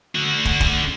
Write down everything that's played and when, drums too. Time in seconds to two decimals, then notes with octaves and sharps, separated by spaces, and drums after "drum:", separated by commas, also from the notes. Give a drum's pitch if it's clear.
0.15 D3 F#4
0.45 drum: kick
0.60 drum: kick